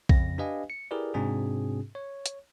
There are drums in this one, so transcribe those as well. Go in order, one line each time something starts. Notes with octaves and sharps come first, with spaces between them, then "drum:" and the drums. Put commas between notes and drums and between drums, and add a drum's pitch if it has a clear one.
F2 C#3 A#6, drum: kick A#1
D4 G4 B4 D#5 F5 G#5
C#7
E4 G4 G#4 A#4 B4 D5
G#2 C3 C4 D4 F#4 G#4
C#5
drum: hi-hat